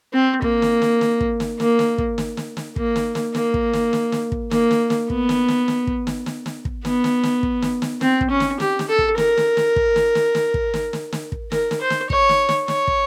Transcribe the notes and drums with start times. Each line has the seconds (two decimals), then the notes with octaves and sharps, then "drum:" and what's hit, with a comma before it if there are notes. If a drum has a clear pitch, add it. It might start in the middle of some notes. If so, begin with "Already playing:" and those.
0.13 C4
0.42 A#3, drum: kick
0.62 drum: snare
0.82 drum: snare
1.01 drum: snare
1.21 drum: kick
1.40 drum: snare
1.60 A#3, drum: snare
1.79 drum: snare
1.98 drum: kick
2.18 drum: snare
2.37 drum: snare
2.57 drum: snare
2.76 A#3, drum: kick
2.96 drum: snare
3.15 drum: snare
3.35 A#3, drum: snare
3.54 drum: kick
3.73 drum: snare
3.93 drum: snare
4.12 drum: snare
4.32 drum: kick
4.51 A#3, drum: snare
4.71 drum: snare
4.90 drum: snare
5.10 B3, drum: kick
5.29 drum: snare
5.48 drum: snare
5.68 drum: snare
5.87 drum: kick
6.07 drum: snare
6.26 drum: snare
6.46 drum: snare
6.65 drum: kick
6.85 B3, drum: snare
7.04 drum: snare
7.23 drum: snare
7.43 drum: kick
7.62 drum: snare
7.82 drum: snare
8.01 C4, drum: snare
8.21 drum: kick
8.30 C#4
8.40 drum: snare
8.60 G4, drum: snare
8.79 drum: snare
8.88 A4
8.99 drum: kick
9.18 A#4, drum: snare
9.37 drum: snare
9.57 drum: snare
9.76 drum: kick
9.96 drum: snare
10.15 drum: snare
10.35 drum: snare
10.54 drum: kick
10.74 drum: snare
10.93 drum: snare
11.12 drum: snare
11.32 drum: kick
11.52 A#4, drum: snare
11.71 drum: snare
11.81 C5
11.90 drum: snare
12.10 C#5, drum: kick
12.29 drum: snare
12.49 drum: snare
12.68 C#5, drum: snare
12.88 drum: kick